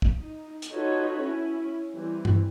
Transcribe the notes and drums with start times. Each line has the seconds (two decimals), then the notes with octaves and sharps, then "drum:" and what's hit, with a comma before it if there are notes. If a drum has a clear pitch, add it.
0.02 drum: kick
0.18 D#4
0.62 drum: hi-hat
0.72 D#4 F4 F#4 A4 B4 C#5
1.22 C#4 E4
1.94 E3 G3 C4
2.25 drum: tom G2